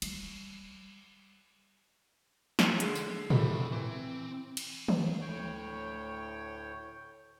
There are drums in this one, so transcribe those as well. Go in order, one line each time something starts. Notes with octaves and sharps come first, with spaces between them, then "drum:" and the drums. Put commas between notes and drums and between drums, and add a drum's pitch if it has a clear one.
G3, drum: cymbal
drum: snare
D3 G#3, drum: hi-hat
drum: tambourine
F2 C3 A3 B5, drum: tom A2
E3 C4
drum: cymbal
drum: tom D#3
D2 A2 C#5 G5